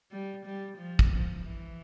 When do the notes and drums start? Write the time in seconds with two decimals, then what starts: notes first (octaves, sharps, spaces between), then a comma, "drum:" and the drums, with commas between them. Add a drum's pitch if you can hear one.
0.11 G3
0.46 G3
0.77 F3
0.99 drum: kick
1.10 F3
1.45 E3